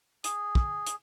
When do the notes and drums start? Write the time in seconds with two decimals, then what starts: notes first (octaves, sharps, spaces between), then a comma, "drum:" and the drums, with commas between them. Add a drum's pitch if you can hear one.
0.24 G#4, drum: hi-hat
0.55 drum: kick
0.87 drum: hi-hat